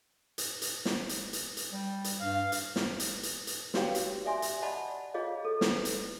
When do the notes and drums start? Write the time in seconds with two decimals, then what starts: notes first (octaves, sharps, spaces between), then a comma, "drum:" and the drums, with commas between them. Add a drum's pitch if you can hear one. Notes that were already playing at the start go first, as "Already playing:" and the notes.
0.38 drum: hi-hat
0.62 drum: hi-hat
0.85 drum: snare
1.09 drum: hi-hat
1.33 drum: hi-hat
1.57 drum: hi-hat
1.73 G3
2.04 drum: hi-hat
2.20 G2 F5
2.52 drum: hi-hat
2.76 drum: snare
2.99 drum: hi-hat
3.23 drum: hi-hat
3.47 drum: hi-hat
3.74 F#4 G4 B4 C#5 F5 G5, drum: snare
3.95 drum: hi-hat
4.25 D5 E5 G#5 C6
4.42 drum: hi-hat
4.62 D5 D#5 F#5 A5 B5
5.14 F4 G#4 C#5 D#5 F5
5.45 A4
5.61 B4, drum: snare
5.85 drum: hi-hat